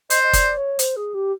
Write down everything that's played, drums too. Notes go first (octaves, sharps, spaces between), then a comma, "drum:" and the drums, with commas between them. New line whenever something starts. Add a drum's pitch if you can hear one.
C5 D#5, drum: hi-hat
D#5
D5, drum: kick F#1, hi-hat
C#5
C5, drum: hi-hat
G#4
G4